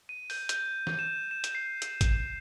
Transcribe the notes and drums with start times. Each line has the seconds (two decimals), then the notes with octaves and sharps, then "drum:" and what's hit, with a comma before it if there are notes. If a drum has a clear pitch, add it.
0.09 D#7
0.30 G6, drum: open hi-hat
0.49 G6, drum: hi-hat
0.87 drum: snare
0.99 E7
1.31 E7
1.44 drum: hi-hat
1.55 C7
1.82 drum: hi-hat
2.01 drum: kick G#1, hi-hat
2.13 E7